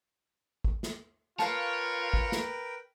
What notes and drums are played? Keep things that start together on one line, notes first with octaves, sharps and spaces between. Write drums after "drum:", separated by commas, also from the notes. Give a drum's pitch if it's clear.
drum: kick
drum: snare
F4 A#4 B4 C#5 F5 G5 A5, drum: snare
drum: kick
drum: snare